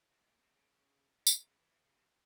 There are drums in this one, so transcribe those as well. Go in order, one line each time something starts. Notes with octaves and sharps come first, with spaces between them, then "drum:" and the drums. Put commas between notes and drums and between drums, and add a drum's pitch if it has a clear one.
C3
G#2
A#2
C3
C#3
G#2
A#2, drum: tambourine
C3
C#3
E3
C#3
C3